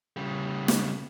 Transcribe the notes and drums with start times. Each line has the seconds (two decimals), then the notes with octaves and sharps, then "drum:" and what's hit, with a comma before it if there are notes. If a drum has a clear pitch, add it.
0.17 C#3 G3
0.68 drum: snare